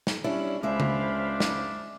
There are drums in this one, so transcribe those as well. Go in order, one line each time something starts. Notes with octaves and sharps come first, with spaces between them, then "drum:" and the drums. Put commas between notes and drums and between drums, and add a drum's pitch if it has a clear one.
drum: snare
G3 C#4 D4 E4
C#2 G#3 D4 C5 E5 F5 B5
drum: tom C#3
drum: snare